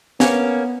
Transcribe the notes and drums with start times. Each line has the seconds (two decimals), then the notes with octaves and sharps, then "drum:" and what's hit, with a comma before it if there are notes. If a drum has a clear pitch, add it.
0.20 A#3 B3 C#4, drum: snare